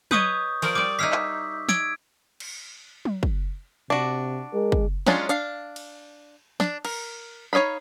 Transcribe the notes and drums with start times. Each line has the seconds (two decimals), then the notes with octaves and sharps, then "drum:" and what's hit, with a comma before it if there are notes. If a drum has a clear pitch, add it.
0.11 B4 C#5 D#5 C#6 D#6 G6, drum: tom F#3
0.62 F3 A#4 D5, drum: cymbal
0.75 G3 D5 D6
0.99 D#4 E4 F5 E6 B6
1.12 drum: clap
1.69 E6 G#6 D7, drum: snare
2.40 drum: cymbal
3.05 drum: tom F#3
3.23 drum: kick
3.90 C3 D4 F#4
4.53 G#3 A#4
4.72 drum: kick
5.07 F#3 G#3 C#4 D4 F4, drum: snare
5.29 D4 F5, drum: hi-hat
5.76 drum: cymbal
6.60 D4, drum: snare
6.85 A#4, drum: cymbal
7.53 D#4 C#5 D#5 F5 B5